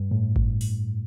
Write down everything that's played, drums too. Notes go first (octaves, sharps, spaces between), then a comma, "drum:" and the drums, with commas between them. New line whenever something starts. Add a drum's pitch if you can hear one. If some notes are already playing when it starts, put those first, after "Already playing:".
Already playing: G2
A2
drum: kick G#1
drum: open hi-hat